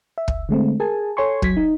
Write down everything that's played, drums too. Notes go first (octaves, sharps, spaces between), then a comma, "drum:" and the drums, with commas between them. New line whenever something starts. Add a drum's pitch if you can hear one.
E5
drum: kick
D3 G#3 A3 C4
G#4 A#4 G#5 A5
A4 C#5 G#5 C6 C#6
F#3 G#6 B6, drum: kick
D#4